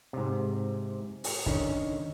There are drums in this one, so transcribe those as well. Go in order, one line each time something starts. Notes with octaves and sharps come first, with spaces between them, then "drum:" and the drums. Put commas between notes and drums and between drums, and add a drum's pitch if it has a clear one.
G#2 C3
drum: open hi-hat
D3 D#3 C#4 D#4, drum: kick